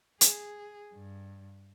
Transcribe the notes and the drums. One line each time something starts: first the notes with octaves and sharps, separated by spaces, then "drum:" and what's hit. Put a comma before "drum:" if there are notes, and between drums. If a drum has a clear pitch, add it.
G#4, drum: hi-hat
G2